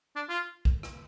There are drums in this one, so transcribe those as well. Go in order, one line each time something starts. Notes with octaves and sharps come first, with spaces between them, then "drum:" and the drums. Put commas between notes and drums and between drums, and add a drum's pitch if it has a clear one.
D4
F4
drum: kick B1
drum: rim click